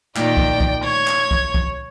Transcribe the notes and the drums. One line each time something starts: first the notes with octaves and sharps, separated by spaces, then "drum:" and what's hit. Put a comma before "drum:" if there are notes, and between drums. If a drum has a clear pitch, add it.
A#2 D#3 D5 G5, drum: clap
drum: kick
drum: kick
C#5 G#6
drum: clap
drum: kick
drum: kick